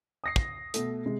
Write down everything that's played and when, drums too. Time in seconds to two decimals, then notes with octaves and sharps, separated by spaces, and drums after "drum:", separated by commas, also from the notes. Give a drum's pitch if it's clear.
0.24 D#6 A#6 C7
0.36 drum: kick
0.74 B2 A3, drum: hi-hat
1.06 C3 G#3